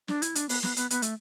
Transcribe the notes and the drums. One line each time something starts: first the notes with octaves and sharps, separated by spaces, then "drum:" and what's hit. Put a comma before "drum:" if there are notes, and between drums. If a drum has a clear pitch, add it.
D4, drum: snare
E4, drum: hi-hat
D4, drum: hi-hat
B3, drum: open hi-hat
B3, drum: snare
B3, drum: hi-hat
B3, drum: hi-hat
A3, drum: hi-hat